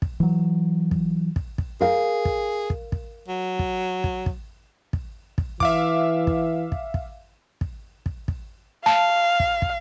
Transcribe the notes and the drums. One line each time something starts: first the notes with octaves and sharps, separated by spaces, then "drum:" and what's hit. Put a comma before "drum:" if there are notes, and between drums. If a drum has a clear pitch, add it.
drum: kick
E3 F#3
drum: kick
drum: kick
drum: kick
G#4 A#4 F5
drum: kick
drum: kick
drum: kick
F#3
drum: kick
drum: kick
drum: kick
drum: kick
drum: kick
E3 E5 F5 D6, drum: kick
drum: kick
drum: kick
drum: kick
drum: kick
drum: kick
drum: kick
F5 A5
drum: kick
drum: kick